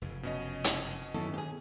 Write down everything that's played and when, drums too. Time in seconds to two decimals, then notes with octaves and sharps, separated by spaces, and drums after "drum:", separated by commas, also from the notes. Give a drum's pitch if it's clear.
0.02 F1 F#2 C#3
0.23 B2 C#4 D#5
0.64 drum: hi-hat
1.14 F#2 D#3 B3 E4 A4
1.34 G4 G#4